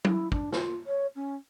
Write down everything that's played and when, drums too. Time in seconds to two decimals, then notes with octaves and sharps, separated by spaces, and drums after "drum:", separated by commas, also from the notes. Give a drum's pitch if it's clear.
0.05 E4, drum: tom
0.32 D4, drum: kick
0.52 F4, drum: snare
0.86 C#5
1.15 C#4